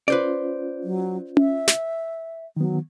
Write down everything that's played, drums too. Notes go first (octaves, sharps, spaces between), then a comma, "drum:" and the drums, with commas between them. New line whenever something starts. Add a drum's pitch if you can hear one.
C#4 F4 B4 C5 D5
F#3
E5, drum: tom C#4
drum: snare
D#3 F#3 B3